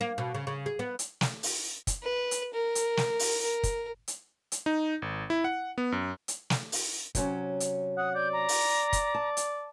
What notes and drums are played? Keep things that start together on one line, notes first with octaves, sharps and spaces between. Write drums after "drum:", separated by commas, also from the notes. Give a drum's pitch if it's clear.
A#3
B2
C#3
C#3
G#4
B3
drum: hi-hat
drum: snare
drum: open hi-hat
drum: kick, hi-hat
B4
drum: hi-hat
A#4
drum: hi-hat
drum: snare
drum: open hi-hat
A#4
drum: kick, hi-hat
drum: hi-hat
drum: hi-hat
D#4
G#1
E4
F#5
B3
F#2
drum: hi-hat
drum: snare
drum: open hi-hat
C3 F#3 C#4, drum: kick, hi-hat
drum: hi-hat
F#5 D#6
D5 G6
A#5
drum: open hi-hat
drum: kick, hi-hat
A5
drum: hi-hat